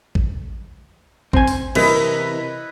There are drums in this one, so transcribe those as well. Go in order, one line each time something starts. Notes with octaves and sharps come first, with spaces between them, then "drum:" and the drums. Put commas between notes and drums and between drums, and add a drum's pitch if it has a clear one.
drum: kick A1
C4 C5 G#5, drum: kick A1
drum: open hi-hat
C3 E3 E4 A#4 B4 D#5, drum: cymbal